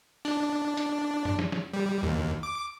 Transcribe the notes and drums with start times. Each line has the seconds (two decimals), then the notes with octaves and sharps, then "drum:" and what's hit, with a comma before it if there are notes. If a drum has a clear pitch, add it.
0.25 D4, drum: tambourine
0.77 drum: hi-hat
1.25 drum: tom F#2
1.39 drum: snare
1.52 drum: snare
1.73 G3
2.03 D#2
2.43 D6